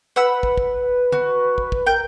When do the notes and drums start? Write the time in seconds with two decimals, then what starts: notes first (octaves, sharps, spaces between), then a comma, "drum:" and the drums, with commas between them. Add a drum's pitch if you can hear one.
0.16 B4 F#5 B5 E6
0.43 drum: kick
0.58 drum: kick
1.12 F#4, drum: tom D3
1.58 drum: kick
1.72 drum: kick
1.86 A#4 G5 G6